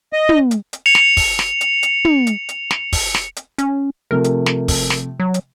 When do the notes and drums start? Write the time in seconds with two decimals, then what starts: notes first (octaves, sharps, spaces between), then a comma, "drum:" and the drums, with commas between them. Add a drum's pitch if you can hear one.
0.13 D#5
0.29 drum: tom
0.51 drum: hi-hat
0.73 drum: hi-hat
0.86 C#7 F7
0.95 drum: snare
1.17 drum: kick, open hi-hat
1.39 drum: snare
1.61 drum: hi-hat
1.83 drum: hi-hat
2.05 drum: tom
2.27 drum: hi-hat
2.49 drum: hi-hat
2.71 drum: snare
2.93 drum: kick, open hi-hat
3.14 drum: snare
3.36 drum: hi-hat
3.58 C#4, drum: hi-hat
4.11 C3 F3 A3 A#4
4.24 drum: hi-hat
4.46 drum: snare
4.68 drum: kick, open hi-hat
4.90 drum: snare
5.20 F#3
5.34 drum: hi-hat